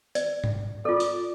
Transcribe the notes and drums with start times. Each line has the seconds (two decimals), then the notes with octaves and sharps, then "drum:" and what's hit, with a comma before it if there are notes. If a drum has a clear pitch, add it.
0.15 D5, drum: hi-hat
0.44 drum: tom G#2
0.85 F4 A4 D5
1.00 drum: hi-hat